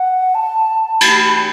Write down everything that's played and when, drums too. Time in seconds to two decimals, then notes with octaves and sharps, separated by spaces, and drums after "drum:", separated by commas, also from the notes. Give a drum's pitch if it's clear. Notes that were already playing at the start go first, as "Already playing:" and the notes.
Already playing: F#5
0.35 A5
1.01 B5, drum: cymbal